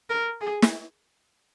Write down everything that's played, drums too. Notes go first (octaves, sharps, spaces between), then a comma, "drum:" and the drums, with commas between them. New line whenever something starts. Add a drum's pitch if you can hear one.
A#4
G#4
drum: snare